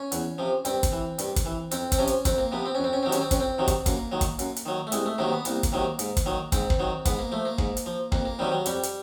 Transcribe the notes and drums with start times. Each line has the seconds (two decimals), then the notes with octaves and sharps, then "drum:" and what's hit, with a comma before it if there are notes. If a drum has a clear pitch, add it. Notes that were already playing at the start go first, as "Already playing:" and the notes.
Already playing: C#4
0.12 E2, drum: hi-hat
0.38 C3 F3
0.65 G2 C4, drum: hi-hat
0.83 drum: kick, hi-hat
0.92 E3
1.19 G2, drum: hi-hat
1.36 drum: kick, hi-hat
1.46 E3
1.71 F2 C4, drum: hi-hat
1.92 C4, drum: kick, hi-hat
1.98 C3 F3 C#4
2.07 drum: hi-hat
2.25 F2 C4, drum: kick, hi-hat
2.38 A#3
2.52 C3 F3 B3
2.66 C4
2.75 F2 C#4
2.84 C4
2.93 C#4
3.03 C3 D#3 F#3 C4
3.12 C#4, drum: hi-hat
3.21 C4
3.31 F2 C#4, drum: kick, hi-hat
3.40 C4
3.58 C3 D#3 F#3
3.68 drum: kick, hi-hat
3.86 F#2 A#3, drum: kick, hi-hat
4.12 D#3 F#3
4.21 drum: kick, hi-hat
4.39 F#2, drum: hi-hat
4.56 drum: hi-hat
4.66 D#3 F#3
4.87 A3
4.92 C2 G#3, drum: hi-hat
5.06 A3
5.18 C3 D#3 F#3 A#3
5.32 B3
5.45 C2 A#3, drum: hi-hat
5.63 drum: kick, hi-hat
5.72 C3 D#3 F#3
5.99 G#2, drum: hi-hat
6.17 drum: kick, hi-hat
6.26 D#3 F#3
6.52 G#2 C4, drum: kick, hi-hat
6.70 drum: kick
6.79 D#3 F#3
7.05 G#2 B3, drum: kick, hi-hat
7.19 A#3
7.32 F3 A3
7.45 A#3
7.58 G#2, drum: kick
7.77 drum: hi-hat
7.86 F3
8.12 F2 A#3, drum: kick
8.25 A#3
8.39 C3 D#3 F#3 G3
8.52 F#3
8.66 F2 G3, drum: hi-hat
8.83 drum: hi-hat